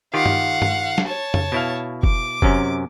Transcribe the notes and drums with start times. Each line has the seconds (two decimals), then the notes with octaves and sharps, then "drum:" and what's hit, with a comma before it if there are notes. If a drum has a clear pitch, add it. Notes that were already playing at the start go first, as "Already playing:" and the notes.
0.14 D#3 F4 G4 F5 F#5
0.26 drum: tom G2
0.62 drum: tom G2
0.98 drum: snare
1.07 C#5 A5
1.34 drum: tom F2
1.52 B2 E4 F5
2.03 D6, drum: kick F1
2.42 F#2 C3 C#4, drum: kick F1